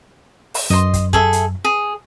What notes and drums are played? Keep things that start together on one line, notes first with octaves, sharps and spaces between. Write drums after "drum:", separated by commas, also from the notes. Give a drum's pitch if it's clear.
drum: open hi-hat
F#2 D#5 C6
drum: kick, hi-hat
G#4 A4 E5, drum: kick
drum: hi-hat
G#4